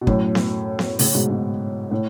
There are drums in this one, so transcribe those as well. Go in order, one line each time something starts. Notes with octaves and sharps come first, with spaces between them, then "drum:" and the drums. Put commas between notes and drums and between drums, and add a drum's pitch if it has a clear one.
B2
F#2 A2, drum: kick
drum: snare B3
drum: snare B3
A2 C#3, drum: open hi-hat
G#2 B2
G#2 B2
A2